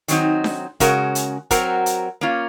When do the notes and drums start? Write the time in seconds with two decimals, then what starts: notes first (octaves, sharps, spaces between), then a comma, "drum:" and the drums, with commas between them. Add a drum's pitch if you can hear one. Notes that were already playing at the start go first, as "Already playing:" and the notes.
0.08 D#3 F#3 C4 D#4, drum: hi-hat
0.44 drum: snare D4
0.80 C#3 G#3 C#4 F#4 A#4, drum: kick, hi-hat
1.15 drum: hi-hat
1.51 F#3 C4 F#4 A#4, drum: kick, hi-hat
1.86 drum: hi-hat
2.21 A#3 C#4 F4